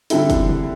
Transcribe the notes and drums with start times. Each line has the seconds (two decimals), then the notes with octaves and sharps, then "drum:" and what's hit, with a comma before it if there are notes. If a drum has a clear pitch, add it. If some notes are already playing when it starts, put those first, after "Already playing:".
0.10 D3 G3 C4 E4 A4, drum: hi-hat
0.30 drum: kick, hi-hat
0.49 drum: tom